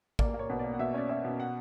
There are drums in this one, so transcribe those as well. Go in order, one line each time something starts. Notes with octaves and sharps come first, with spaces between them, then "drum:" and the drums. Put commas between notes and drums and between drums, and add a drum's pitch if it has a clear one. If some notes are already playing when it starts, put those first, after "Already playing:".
A#3 D5, drum: kick A1
A#3 C#5
B2
A#3 D5
F#5
B2 E5
C#4 D5
C#4 E5
B2
F#5